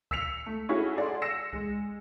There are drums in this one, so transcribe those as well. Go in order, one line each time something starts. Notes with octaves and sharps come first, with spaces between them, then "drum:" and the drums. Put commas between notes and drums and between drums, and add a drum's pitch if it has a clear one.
E6 B6 C#7 F7, drum: kick C#2
A3
C#4 E4 F#4 G#4 A4 C#5
G#4 A4 D5 F#5 C6
E6 A#6 C#7 E7
G#3, drum: kick C#2